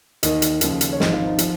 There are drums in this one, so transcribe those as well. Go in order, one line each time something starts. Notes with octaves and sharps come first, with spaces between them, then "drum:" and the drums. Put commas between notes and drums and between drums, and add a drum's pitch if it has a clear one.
D#2 D#3 D#5, drum: hi-hat
drum: hi-hat
D#2 C#3 F3, drum: hi-hat
drum: hi-hat
C#5
G#1 G#2 F3 D#5, drum: snare
F4
D#4
F3 F4, drum: hi-hat